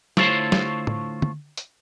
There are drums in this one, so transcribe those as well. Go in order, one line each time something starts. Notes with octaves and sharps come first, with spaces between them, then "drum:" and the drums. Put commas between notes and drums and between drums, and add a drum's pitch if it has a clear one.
D3 A3 E4 F4 C5 C#5, drum: snare
drum: snare
drum: tom
drum: tom
drum: hi-hat